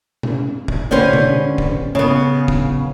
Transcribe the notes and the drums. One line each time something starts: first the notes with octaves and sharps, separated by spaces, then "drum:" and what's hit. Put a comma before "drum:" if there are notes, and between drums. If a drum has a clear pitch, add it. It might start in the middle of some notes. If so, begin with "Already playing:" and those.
drum: tom B2
drum: kick
D3 C#4 G4 B4 C5
drum: tom B2
drum: kick
C#3 B3
drum: kick